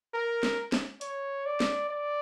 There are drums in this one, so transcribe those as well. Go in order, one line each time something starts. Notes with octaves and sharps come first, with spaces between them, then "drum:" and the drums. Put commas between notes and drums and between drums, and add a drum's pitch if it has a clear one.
A#4
drum: snare
drum: snare
C#5, drum: hi-hat
D5
drum: snare
D5